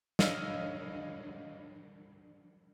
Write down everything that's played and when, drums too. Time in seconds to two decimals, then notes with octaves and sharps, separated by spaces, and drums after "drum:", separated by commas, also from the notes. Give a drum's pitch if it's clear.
0.19 C#5 D#5 F5 E6 F6, drum: snare